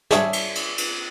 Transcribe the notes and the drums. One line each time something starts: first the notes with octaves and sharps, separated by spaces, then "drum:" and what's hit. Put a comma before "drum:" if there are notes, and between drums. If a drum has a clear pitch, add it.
D4 G#4 C#5 E5, drum: snare
drum: cymbal
drum: cymbal
drum: cymbal